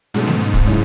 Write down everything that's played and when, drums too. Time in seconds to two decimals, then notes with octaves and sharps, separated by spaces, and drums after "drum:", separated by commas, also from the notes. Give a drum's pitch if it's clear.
0.14 G#2 B2 F#3 A3 C#4, drum: hi-hat
0.27 drum: snare A3
0.41 drum: hi-hat
0.54 drum: kick, hi-hat
0.67 C#3 F#3 C#4 E4, drum: hi-hat